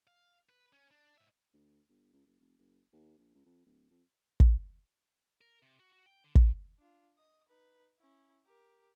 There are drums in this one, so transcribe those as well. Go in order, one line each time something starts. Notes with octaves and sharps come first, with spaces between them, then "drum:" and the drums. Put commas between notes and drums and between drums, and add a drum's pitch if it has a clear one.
F5
B4
C#4
D4
G#2 E5
D2
G1
C#2
F#1
F1
F#1
D#2
A#1
C#2
F2
D1
F2
drum: kick
A#4
C3
F#4
F#4
G5
D3
A#2, drum: kick
D4 F4
D#5 D#6
D#4 B4
C#4 E4
G4 A#4